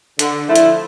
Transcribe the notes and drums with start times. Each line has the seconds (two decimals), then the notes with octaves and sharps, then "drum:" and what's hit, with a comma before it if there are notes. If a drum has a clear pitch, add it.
0.19 D3, drum: hi-hat
0.47 F3 A3 E4
0.56 drum: hi-hat